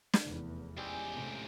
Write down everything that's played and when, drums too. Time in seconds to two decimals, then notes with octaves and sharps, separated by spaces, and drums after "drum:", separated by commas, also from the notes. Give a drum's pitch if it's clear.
0.13 drum: snare
0.23 F1 E2
0.77 C#2 G3 C4 G4 G#4
1.12 A2 C3